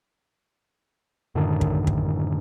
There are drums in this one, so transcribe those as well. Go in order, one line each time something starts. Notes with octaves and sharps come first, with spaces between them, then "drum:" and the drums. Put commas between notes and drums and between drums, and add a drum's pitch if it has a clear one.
F#2 A2 D3 D#3
drum: kick
drum: kick